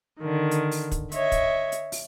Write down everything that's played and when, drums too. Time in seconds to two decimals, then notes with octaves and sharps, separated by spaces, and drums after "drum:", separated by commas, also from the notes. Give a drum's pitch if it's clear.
0.19 D3 D#3
0.51 drum: hi-hat
0.71 drum: open hi-hat
0.92 drum: kick, hi-hat
1.12 C#5 D#5 E5, drum: hi-hat
1.32 drum: kick, hi-hat
1.72 drum: hi-hat
1.92 drum: open hi-hat